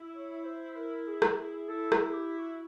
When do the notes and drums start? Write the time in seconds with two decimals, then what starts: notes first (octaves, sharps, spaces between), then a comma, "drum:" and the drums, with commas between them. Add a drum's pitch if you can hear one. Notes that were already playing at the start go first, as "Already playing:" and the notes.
Already playing: E4
0.14 C#5
0.44 C5
0.76 A#4
1.07 G#4
1.22 drum: rim click
1.38 G#4
1.68 E4 A4
1.92 G#4, drum: rim click
2.14 G4
2.37 F#4